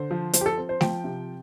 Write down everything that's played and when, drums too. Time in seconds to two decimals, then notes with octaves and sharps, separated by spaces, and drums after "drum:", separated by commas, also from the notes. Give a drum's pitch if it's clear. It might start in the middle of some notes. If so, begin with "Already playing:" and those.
Already playing: D3 C5
0.11 F3
0.33 F3 C5, drum: hi-hat
0.41 G4
0.46 A4
0.58 C4
0.69 C5
0.81 F3 G5, drum: snare A3
1.04 C3